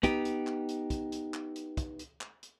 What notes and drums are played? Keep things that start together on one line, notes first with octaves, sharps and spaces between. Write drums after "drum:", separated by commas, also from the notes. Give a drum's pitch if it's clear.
B3 D#4 G4, drum: kick, hi-hat
drum: hi-hat
drum: clap
drum: hi-hat
drum: kick, hi-hat
drum: hi-hat
drum: clap
drum: hi-hat
drum: kick, hi-hat
drum: hi-hat
drum: clap
drum: hi-hat